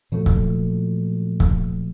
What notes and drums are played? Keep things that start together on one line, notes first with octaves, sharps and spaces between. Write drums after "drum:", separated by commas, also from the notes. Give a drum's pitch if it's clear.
A#2 F3 F#3 A3
drum: kick C#1
drum: kick C#1